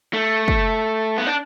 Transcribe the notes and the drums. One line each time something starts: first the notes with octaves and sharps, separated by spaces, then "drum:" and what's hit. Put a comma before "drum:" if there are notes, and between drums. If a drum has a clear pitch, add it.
A3
drum: kick
B3
D4